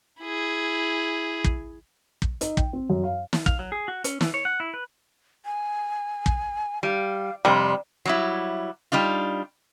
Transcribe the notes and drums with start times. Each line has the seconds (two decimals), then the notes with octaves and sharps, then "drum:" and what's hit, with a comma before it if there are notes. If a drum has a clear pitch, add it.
0.22 E4 G#4
1.44 drum: kick
2.22 drum: kick
2.41 D#4, drum: hi-hat
2.57 G5, drum: kick
2.73 C4
2.90 F#2
3.04 F5
3.33 drum: snare
3.46 F5, drum: kick
3.59 F#3
3.72 G#4
3.88 F#4
4.04 C#4, drum: hi-hat
4.21 E3, drum: snare
4.34 C#5
4.45 F#5
4.60 E4
4.74 B4
5.45 G#5
6.26 drum: kick
6.83 G3 F5
7.45 F2 C3 G3 C6
8.05 F#3 G3 E4
8.92 G3 D4 D#4 F4